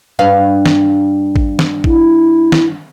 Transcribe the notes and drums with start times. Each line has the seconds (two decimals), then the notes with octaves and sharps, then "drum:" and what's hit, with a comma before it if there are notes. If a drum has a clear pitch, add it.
0.19 G2 B4 F5
0.66 drum: snare
1.36 drum: kick
1.59 drum: snare
1.84 E4, drum: kick
2.52 drum: snare